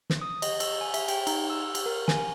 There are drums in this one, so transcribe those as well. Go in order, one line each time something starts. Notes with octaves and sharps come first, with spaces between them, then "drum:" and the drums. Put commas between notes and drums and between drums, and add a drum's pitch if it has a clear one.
drum: snare
D#6
D#5, drum: cymbal
E6, drum: cymbal
G#5
E5, drum: cymbal
G5, drum: cymbal
D#4, drum: cymbal
E6
drum: cymbal
A#4
G#5, drum: snare